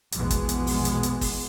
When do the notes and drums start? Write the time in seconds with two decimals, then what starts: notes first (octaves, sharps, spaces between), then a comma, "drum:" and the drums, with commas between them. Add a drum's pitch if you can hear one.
0.12 A#1 E2 B2 G#3 B3, drum: hi-hat
0.30 drum: kick, hi-hat
0.49 drum: hi-hat
0.67 drum: open hi-hat
0.85 drum: hi-hat
1.03 drum: hi-hat
1.21 drum: kick, open hi-hat